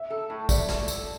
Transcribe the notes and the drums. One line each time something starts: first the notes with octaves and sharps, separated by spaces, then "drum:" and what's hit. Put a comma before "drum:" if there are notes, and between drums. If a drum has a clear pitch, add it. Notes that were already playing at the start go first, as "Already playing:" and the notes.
Already playing: E5
A4
A2
A3 D5, drum: kick, tambourine
F#4, drum: snare
A4, drum: tambourine